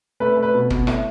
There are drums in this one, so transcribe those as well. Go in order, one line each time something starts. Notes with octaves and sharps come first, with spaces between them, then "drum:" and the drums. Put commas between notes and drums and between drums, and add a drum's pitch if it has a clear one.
A3 B4
A3
B4
B2
B2, drum: kick
A2, drum: rim click